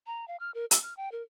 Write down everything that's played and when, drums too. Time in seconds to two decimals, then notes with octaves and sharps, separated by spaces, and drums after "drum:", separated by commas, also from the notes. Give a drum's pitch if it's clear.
0.07 A#5
0.28 F5
0.40 F6
0.54 A#4
0.71 E6, drum: hi-hat
0.83 F6
0.97 G5
1.12 A#4